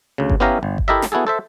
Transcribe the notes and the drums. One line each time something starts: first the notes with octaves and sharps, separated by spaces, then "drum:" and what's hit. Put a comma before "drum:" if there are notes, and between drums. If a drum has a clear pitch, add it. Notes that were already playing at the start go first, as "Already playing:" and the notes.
D2 C#3
drum: kick G1
B3 C#4 E4 G4 F5 A#5
G1
drum: kick G1
E4 G4 A4 A#4 D#5 E5
drum: snare
B3 E4 F#4 G#4 A4
A4 C5 E5